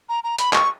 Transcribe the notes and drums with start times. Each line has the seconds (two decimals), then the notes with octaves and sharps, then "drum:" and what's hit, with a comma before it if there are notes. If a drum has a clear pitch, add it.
0.09 A#5
0.24 A#5
0.38 B5, drum: hi-hat
0.53 C#6, drum: clap